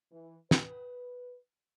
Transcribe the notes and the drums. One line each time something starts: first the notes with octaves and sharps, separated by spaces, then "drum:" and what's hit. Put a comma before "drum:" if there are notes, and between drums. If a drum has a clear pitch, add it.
E3
B4, drum: snare